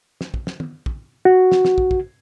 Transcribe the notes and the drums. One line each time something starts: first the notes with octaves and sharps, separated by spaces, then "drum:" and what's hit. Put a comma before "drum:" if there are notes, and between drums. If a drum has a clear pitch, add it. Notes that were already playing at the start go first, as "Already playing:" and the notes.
drum: snare
drum: kick
drum: snare
drum: tom
drum: kick
F#4
drum: snare
drum: snare
drum: kick
drum: kick